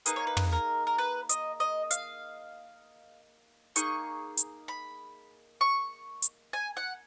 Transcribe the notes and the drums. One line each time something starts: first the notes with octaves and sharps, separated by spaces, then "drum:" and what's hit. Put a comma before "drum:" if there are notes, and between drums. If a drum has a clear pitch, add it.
A#3 D#4 G#4 B4, drum: hi-hat
C#5
B4
drum: tom
A#4
A#4
B4
D#5, drum: hi-hat
D#5
F5, drum: hi-hat
A#3 D#4 G#4 C#6, drum: hi-hat
drum: hi-hat
B5
C#6
drum: hi-hat
G#5
F#5